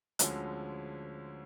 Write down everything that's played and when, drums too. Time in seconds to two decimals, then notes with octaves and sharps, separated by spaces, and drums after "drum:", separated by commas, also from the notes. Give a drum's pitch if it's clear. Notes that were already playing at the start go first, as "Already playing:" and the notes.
0.19 D2 D3 F3 G#3 C#4, drum: hi-hat